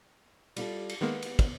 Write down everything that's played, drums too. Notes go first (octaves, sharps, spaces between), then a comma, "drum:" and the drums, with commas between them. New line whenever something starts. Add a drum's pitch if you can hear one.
G3 F4 A4, drum: cymbal
drum: cymbal
D#3 G#3 A#3 B3
drum: cymbal
drum: kick, cymbal